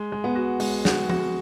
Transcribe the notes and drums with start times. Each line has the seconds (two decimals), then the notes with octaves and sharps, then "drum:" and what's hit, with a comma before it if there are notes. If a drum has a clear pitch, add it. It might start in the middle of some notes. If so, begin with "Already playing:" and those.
Already playing: G#3
0.12 G#3
0.24 B3
0.35 F#4
0.60 G#3, drum: open hi-hat
0.85 F#4, drum: snare
1.09 F#4, drum: tom F3